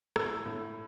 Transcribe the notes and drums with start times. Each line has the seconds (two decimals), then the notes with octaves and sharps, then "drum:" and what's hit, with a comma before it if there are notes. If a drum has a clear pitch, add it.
0.16 A2 E6, drum: rim click
0.46 A2